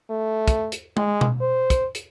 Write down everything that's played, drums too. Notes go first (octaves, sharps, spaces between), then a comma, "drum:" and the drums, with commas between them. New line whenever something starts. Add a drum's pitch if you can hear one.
A3
drum: kick, hi-hat
drum: hi-hat
G#3, drum: tom G#3
drum: tom B2
C5
drum: kick, hi-hat
drum: hi-hat